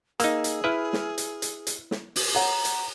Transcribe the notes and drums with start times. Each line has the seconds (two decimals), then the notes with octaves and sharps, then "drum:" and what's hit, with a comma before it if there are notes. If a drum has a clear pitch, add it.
0.20 A#3 D#4 G#4 E6, drum: hi-hat
0.44 drum: hi-hat
0.64 E4 B4 E6 F6
0.93 drum: snare
1.18 drum: hi-hat
1.42 drum: hi-hat
1.67 drum: hi-hat
1.91 drum: snare
2.16 drum: open hi-hat
2.35 C#5 F#5 A#5
2.65 drum: hi-hat